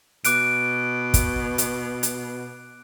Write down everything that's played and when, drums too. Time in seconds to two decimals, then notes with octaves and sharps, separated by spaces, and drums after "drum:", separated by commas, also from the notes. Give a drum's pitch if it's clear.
0.24 B2 D6 F#6 D7, drum: hi-hat
1.14 drum: kick, hi-hat
1.58 drum: hi-hat
2.03 drum: hi-hat